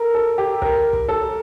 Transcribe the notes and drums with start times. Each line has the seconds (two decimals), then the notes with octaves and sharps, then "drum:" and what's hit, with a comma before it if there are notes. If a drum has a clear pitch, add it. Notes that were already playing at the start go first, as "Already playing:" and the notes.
Already playing: A4 A#4
0.14 A4
0.38 G4
0.62 A#4, drum: kick
0.93 drum: kick
1.09 A4